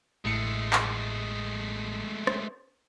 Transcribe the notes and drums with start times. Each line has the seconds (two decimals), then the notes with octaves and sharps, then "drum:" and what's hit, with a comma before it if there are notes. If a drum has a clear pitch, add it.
0.25 A1 A2 G#3 A3 C#7
0.73 drum: clap
2.27 drum: rim click